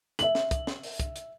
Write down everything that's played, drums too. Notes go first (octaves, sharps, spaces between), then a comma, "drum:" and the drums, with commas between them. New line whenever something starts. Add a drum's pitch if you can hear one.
E5 F#7, drum: hi-hat
drum: snare
drum: kick, hi-hat
drum: snare
drum: open hi-hat
drum: kick, hi-hat
drum: hi-hat